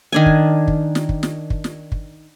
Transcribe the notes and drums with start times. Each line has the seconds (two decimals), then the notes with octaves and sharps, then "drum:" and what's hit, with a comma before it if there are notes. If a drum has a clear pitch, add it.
0.12 D#3 D4 G#5
0.26 drum: kick
0.68 drum: kick
0.95 drum: snare
1.09 drum: kick
1.23 drum: snare
1.50 drum: kick
1.64 drum: snare
1.92 drum: kick